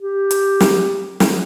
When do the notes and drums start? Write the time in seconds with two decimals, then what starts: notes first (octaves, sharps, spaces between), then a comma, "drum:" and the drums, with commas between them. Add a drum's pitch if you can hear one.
0.01 G4
0.31 drum: hi-hat
0.60 drum: snare
1.20 drum: snare